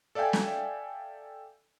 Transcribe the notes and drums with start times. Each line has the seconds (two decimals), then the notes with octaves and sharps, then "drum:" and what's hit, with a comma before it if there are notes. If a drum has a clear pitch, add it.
0.15 A4 D5 E5 F5 G5 G#5
0.33 drum: snare